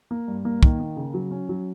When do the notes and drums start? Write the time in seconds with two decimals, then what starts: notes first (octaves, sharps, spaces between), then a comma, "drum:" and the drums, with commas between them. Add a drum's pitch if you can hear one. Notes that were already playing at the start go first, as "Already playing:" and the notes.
0.11 A#3
0.28 G2
0.45 A#3
0.63 D#3, drum: kick
0.80 A#3
0.97 C#3
1.14 F#3
1.31 C#4
1.49 F#3